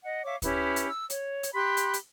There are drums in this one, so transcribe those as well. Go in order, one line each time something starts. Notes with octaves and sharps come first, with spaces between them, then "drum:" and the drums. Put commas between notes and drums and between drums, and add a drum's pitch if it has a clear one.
D#5 F#5
C#5 E5 F5 D6
C#4 E4 G4 B4, drum: kick D2, hi-hat
drum: hi-hat
E6
C#5, drum: hi-hat
drum: hi-hat
G4 B5 C6 F#6
drum: hi-hat
drum: hi-hat